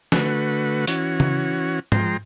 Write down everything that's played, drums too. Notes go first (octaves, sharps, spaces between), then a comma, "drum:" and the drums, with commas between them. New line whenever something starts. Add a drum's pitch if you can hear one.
D3 A3 F#4 B4, drum: snare
E3 C#4 F#4, drum: hi-hat
drum: tom C#3
F3 G#3 G5 A#5 C6, drum: tom